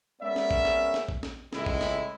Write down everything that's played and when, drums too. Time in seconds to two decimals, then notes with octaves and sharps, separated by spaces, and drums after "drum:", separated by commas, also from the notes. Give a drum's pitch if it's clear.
0.22 G#3 B3 C#4 A#4 D5 E5
0.36 drum: snare
0.51 drum: kick
0.65 drum: snare
0.94 drum: snare
1.09 drum: kick
1.23 drum: snare
1.53 C#2 A2 G#3 E4, drum: snare
1.66 drum: kick
1.81 drum: snare